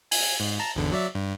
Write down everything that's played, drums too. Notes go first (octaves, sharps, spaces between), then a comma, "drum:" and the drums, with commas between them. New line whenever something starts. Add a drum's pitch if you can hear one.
G#5, drum: open hi-hat
G#2
A5 A#5
G#1 E2 D3
F#3 D5 E5
G2